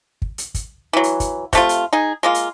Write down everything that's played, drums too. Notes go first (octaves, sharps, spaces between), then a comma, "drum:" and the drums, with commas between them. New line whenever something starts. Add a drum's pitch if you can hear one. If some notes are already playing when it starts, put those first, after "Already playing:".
drum: kick
drum: hi-hat
drum: kick, hi-hat
E3 F#3
drum: hi-hat
drum: kick, hi-hat
C3 A3 F4, drum: kick, hi-hat
drum: hi-hat
D#4 G#4
G#3 A#3 F4
drum: hi-hat